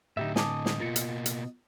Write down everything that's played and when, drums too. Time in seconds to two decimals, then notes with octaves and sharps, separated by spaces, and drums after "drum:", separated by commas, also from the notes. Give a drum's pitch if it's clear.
0.17 A2 D3 D#4 G4 E5
0.36 D#5 G#5 A5 D6 D#6, drum: snare
0.66 drum: snare
0.80 B2 A#3 F4 A6 C#7
0.96 drum: hi-hat
1.26 drum: hi-hat